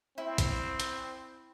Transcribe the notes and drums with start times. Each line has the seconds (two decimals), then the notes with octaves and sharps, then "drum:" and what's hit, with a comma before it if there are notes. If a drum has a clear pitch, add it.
0.18 C4 E4
0.38 drum: kick A#1, hi-hat
0.80 drum: hi-hat